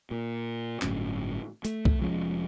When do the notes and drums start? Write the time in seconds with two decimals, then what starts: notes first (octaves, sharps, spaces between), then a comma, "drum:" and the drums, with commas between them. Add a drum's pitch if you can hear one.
0.11 A#2
0.82 G1 A2 F#3 C#4, drum: clap
1.65 A3, drum: hi-hat
1.85 drum: kick B1
2.01 F1 F3 G#3 C#4